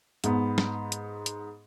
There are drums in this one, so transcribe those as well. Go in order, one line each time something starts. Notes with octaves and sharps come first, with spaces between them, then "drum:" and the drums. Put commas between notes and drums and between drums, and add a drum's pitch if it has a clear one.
G#2 B3, drum: hi-hat
drum: snare
drum: hi-hat
drum: hi-hat